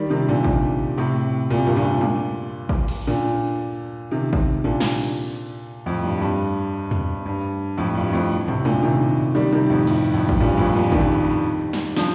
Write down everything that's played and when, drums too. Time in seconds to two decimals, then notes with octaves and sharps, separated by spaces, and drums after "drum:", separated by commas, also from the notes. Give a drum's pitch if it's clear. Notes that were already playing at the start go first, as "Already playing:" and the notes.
Already playing: D#3 G3
0.10 C3 D#3
0.28 A#2 D3
0.44 drum: kick G#1
0.98 A2 C3
1.50 A#2
1.58 C3
1.66 G2 A#2
1.77 A#2 D3
2.01 drum: tom G3
2.69 drum: kick G#1
2.88 drum: cymbal
3.07 A#2 D3
4.11 C3 D#3
4.33 drum: kick G#1
4.64 A#2 D3
4.80 drum: snare
4.98 drum: cymbal
5.86 F2 A2
6.04 G2
6.21 G2
6.91 drum: tom E2
7.26 G2
7.78 F2 A2
7.95 G2
8.13 F2 A2
8.48 A2 C3, drum: tom
8.65 A#2 D3, drum: tom G3
8.83 C3 D#3
9.35 D#3 G3
9.53 C3 D#3
9.70 F2 A2
9.87 G2, drum: cymbal
10.14 F2 A2
10.29 drum: kick G#1
10.40 G2 A#2
10.57 F2 A2
10.74 G2 A#2
10.92 D#3 G3, drum: kick G#1
11.73 drum: snare
11.96 D3 F3, drum: snare